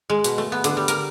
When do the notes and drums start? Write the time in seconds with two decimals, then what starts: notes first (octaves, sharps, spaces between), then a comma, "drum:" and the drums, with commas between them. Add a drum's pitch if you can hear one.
0.10 G#3
0.24 B2, drum: hi-hat
0.38 A3
0.52 B3
0.64 D3, drum: hi-hat
0.77 G3
0.88 A#4, drum: hi-hat